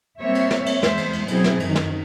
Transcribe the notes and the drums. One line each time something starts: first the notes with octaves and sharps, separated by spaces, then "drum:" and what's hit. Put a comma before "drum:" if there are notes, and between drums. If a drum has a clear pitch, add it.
G3 A#3 C4 C#5 E5
drum: cymbal
drum: snare
drum: cymbal
E2 G#3 C5 E5, drum: snare
drum: cymbal
drum: cymbal
B2 F#3 C4 E4 G#4, drum: cymbal
drum: snare
F#2 D#3, drum: cymbal
drum: snare